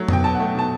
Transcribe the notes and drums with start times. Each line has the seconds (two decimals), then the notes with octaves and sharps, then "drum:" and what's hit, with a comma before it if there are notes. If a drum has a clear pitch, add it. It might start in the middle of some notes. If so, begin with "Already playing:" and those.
Already playing: F#3 A3
0.08 B2 G5, drum: tom F2
0.24 B2 A5
0.35 A3 F#5
0.55 B2 A5